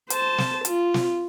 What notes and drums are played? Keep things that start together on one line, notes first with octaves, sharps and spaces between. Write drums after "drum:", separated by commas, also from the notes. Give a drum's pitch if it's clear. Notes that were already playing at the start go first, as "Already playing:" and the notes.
C5 A5, drum: hi-hat
drum: snare
F4, drum: hi-hat
drum: snare